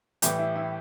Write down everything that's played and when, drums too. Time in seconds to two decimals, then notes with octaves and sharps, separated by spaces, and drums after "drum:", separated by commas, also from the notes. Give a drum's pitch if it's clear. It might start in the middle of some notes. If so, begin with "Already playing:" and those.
0.22 A2 E3 G3 G4, drum: hi-hat
0.39 E4
0.56 E4